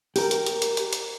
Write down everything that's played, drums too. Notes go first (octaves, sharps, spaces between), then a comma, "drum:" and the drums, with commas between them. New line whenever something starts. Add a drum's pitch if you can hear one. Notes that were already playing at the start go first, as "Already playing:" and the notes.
G4 A#4, drum: open hi-hat
drum: hi-hat
drum: hi-hat
drum: hi-hat
drum: hi-hat
drum: hi-hat